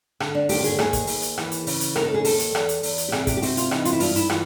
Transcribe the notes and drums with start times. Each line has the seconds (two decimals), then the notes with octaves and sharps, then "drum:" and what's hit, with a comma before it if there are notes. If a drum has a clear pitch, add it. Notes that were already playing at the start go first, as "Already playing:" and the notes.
0.20 D3, drum: rim click
0.35 D4
0.49 D#2 G4, drum: open hi-hat
0.59 G4
0.64 G#4, drum: hi-hat
0.78 D#2 G#4, drum: rim click
0.93 drum: kick, hi-hat
1.07 D#2, drum: open hi-hat
1.22 drum: hi-hat
1.37 E3, drum: rim click
1.52 drum: hi-hat
1.67 C#3, drum: open hi-hat
1.81 drum: hi-hat
1.96 D#2 A#4, drum: rim click
2.05 A4
2.14 G#4
2.25 D#2 A4, drum: open hi-hat
2.39 drum: hi-hat
2.55 E2, drum: rim click
2.69 drum: hi-hat
2.83 E2, drum: open hi-hat
2.98 drum: hi-hat
3.09 G4
3.12 C3 G#4, drum: rim click
3.27 G4, drum: kick, hi-hat
3.37 G4
3.42 C3 F#4, drum: open hi-hat
3.57 F4, drum: hi-hat
3.71 E3 D#4, drum: rim click
3.85 F4, drum: hi-hat
3.93 E4
4.00 G2 F4, drum: open hi-hat
4.16 E4, drum: hi-hat
4.29 E3 F4, drum: rim click